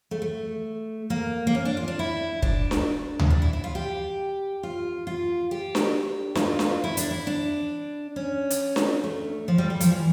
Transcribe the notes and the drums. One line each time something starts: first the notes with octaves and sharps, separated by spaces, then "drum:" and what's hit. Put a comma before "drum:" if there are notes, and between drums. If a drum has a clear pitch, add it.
A3
A3
A#3
A#3
C#4
D4
F4
D4
E4
D4, drum: kick
drum: snare D4
drum: tom D2
D4
E4
E4
F4
G4
F4
F4
G4
drum: snare D4
E4, drum: snare D4
F4
drum: snare D4
E4
D4, drum: hi-hat
E4
D4
C#4
drum: hi-hat
drum: snare D4
A3
F3
G3
G3
F3, drum: hi-hat
E3